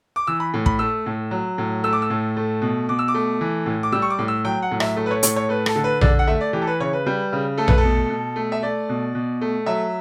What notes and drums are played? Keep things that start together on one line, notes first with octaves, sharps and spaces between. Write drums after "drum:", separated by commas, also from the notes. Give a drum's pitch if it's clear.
D6
E3 E6
B5
A2
B5, drum: kick
A3 E6
A2
F#3
A2
A3 E6
D6
E6
A2
A3
B2
B2 D6
E6
D6
A3
E3
A2
D6
G3 E6
C#6
D6
A2
E6
F#3 G5
F#5
A2
E5, drum: rim click
A3
B4
C#5
A2 C#5, drum: hi-hat
C#5
A3 B4
A4, drum: rim click
D3
B4
D3 D5, drum: tom A#1
F#5
A3 E5
D5
E3 G4
A4
B4
C#3 C#5
B4
G3
C#3
A3 A4
B4, drum: tom A#1
A4
B2
B2
A3
E5
A3 D5
B2
B2
A3
F#3 E5